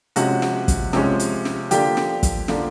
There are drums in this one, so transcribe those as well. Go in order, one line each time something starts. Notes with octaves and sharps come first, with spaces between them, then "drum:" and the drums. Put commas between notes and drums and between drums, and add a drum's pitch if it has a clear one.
C3 F3 G#3 C#4 F#4 F#5, drum: hi-hat
drum: snare
drum: kick, hi-hat
C3 F3 G#3 C#4, drum: snare
drum: hi-hat
drum: snare
D3 F3 A#3 D4 G4 G5, drum: hi-hat
drum: snare
drum: kick, hi-hat
D3 F3 A#3 D4, drum: snare